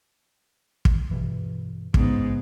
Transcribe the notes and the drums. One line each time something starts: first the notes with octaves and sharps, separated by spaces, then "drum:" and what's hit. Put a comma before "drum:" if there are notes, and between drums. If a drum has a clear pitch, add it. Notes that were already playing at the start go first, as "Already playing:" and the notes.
drum: kick
G2 B2 E3
G#2 C#3 B3, drum: kick